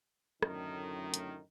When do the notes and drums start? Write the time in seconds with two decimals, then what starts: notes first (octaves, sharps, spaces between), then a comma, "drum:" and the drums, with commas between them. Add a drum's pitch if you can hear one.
0.43 F#2 A2 D3 D#3, drum: rim click
1.14 drum: hi-hat